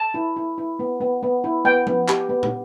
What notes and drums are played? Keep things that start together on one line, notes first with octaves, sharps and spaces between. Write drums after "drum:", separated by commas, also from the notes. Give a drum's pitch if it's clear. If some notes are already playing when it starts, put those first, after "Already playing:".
Already playing: A5
E4
E4
E4
B3
B3
B3
E4
B3 G5
B3, drum: tom F3
G4, drum: clap
B3
drum: tom